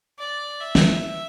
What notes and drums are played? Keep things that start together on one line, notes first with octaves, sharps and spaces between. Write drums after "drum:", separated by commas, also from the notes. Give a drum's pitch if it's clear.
D5
E5
drum: snare